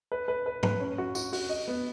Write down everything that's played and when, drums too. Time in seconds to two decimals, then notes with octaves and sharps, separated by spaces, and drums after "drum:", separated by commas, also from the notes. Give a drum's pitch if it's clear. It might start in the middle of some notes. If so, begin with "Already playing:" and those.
0.12 B4
0.28 B4
0.46 B4
0.63 B4, drum: tom G#2
0.80 C#4
0.98 F#4
1.15 F#4, drum: tambourine
1.33 F#4, drum: open hi-hat
1.49 D#5
1.68 B3